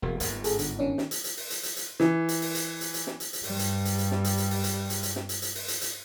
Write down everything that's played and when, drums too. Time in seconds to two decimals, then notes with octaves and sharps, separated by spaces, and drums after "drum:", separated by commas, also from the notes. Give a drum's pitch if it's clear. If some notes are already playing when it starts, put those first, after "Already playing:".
0.02 E1 A#3
0.20 G1 G#2, drum: hi-hat
0.44 G#4 A4, drum: hi-hat
0.59 D3, drum: hi-hat
0.79 D#3 C#4 D4
0.98 drum: snare
1.11 drum: hi-hat
1.24 drum: hi-hat
1.37 drum: open hi-hat
1.50 drum: hi-hat
1.63 drum: hi-hat
1.76 drum: hi-hat
2.00 E3, drum: snare
2.29 drum: hi-hat
2.42 drum: open hi-hat
2.55 drum: hi-hat
2.81 drum: hi-hat
2.94 drum: hi-hat
3.07 drum: snare
3.20 drum: hi-hat
3.33 drum: hi-hat
3.43 G2 G3, drum: open hi-hat
3.59 drum: hi-hat
3.85 drum: hi-hat
3.98 drum: hi-hat
4.11 drum: snare
4.24 drum: hi-hat
4.37 drum: hi-hat
4.51 drum: open hi-hat
4.64 drum: hi-hat
4.90 drum: hi-hat
5.03 drum: hi-hat
5.16 drum: snare
5.29 drum: hi-hat
5.42 drum: hi-hat
5.55 drum: open hi-hat
5.68 drum: hi-hat
5.81 drum: hi-hat